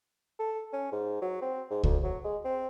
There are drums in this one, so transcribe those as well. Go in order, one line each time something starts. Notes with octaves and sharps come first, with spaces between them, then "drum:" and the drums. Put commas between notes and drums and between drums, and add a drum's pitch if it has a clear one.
A4
C#4
G#2
F#3
C4
G#2
D2, drum: kick C#2
F#3
G#3
C4